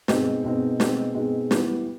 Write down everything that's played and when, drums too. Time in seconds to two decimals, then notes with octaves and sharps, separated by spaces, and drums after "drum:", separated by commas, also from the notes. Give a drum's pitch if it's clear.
0.08 B2 G#3 C4 D#4, drum: snare
0.44 B2 G#3 C4 D#4
0.80 B2 G#3 C4 D#4, drum: snare
1.15 B2 G#3 C4 D#4
1.51 E3 G3 B3, drum: snare